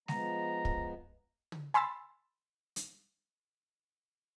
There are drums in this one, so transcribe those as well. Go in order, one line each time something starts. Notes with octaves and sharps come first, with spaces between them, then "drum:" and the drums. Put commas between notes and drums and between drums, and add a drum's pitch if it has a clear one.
F3 G#3 B3 A#5, drum: snare G#3
drum: kick
drum: tom
G#5 B5 C6 E6 A6
drum: hi-hat